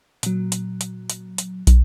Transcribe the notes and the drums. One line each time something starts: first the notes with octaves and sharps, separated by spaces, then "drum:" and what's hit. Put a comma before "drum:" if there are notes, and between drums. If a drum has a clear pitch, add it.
A#2 F#3, drum: hi-hat
drum: hi-hat
drum: hi-hat
drum: hi-hat
drum: hi-hat
drum: kick, hi-hat